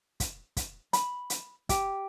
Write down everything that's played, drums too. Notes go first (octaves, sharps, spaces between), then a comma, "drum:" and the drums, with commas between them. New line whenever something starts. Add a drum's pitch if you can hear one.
drum: kick, hi-hat
drum: kick, hi-hat
B5, drum: hi-hat
drum: hi-hat
G4, drum: kick, hi-hat